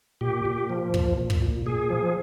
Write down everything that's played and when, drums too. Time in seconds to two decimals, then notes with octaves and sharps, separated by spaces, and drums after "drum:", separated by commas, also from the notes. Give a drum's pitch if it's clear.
0.21 A#2 G4
0.45 A#2
0.70 F3
0.94 A#2, drum: kick
1.18 A#2
1.30 drum: kick
1.42 A#2
1.66 A#2 G#4
1.90 F3